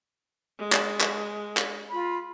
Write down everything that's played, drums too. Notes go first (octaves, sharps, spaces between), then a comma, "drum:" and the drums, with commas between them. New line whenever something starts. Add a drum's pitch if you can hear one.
G#3
drum: clap
drum: clap
drum: clap
F4 B5